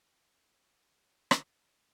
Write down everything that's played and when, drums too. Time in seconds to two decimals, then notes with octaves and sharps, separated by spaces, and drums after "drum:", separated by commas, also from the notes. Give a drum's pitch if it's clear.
0.11 C5
0.25 C5
0.35 C#5
1.31 drum: rim click